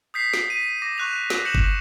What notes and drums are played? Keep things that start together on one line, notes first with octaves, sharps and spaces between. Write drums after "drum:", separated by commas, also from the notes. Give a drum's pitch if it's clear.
D#6 G6 B6 C7
drum: snare
B6 D#7
D6 A#6
C#6 F#6 F7
drum: snare
G6 A#6 C#7 E7 F#7
drum: kick F#1